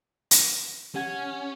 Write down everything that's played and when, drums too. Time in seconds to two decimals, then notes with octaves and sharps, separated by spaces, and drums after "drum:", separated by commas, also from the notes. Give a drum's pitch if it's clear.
0.31 drum: hi-hat
0.95 C#4 G4 F#5 G#6